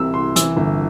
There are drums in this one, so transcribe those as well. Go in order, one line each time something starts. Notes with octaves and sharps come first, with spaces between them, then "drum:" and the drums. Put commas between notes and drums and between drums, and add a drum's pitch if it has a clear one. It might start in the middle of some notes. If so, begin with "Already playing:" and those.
Already playing: C2 C3 E3 E6
C2 C6
E3 E6, drum: hi-hat
G1